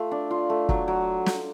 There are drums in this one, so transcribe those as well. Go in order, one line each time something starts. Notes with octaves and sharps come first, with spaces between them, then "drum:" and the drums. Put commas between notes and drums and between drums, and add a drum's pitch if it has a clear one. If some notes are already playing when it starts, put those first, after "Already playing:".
Already playing: A3 F4
D4
F4
A3
F#3, drum: kick
F#3
drum: snare